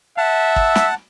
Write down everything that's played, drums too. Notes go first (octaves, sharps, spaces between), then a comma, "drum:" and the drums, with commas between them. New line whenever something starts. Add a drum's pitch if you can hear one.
E5 F#5 A5
drum: kick
drum: snare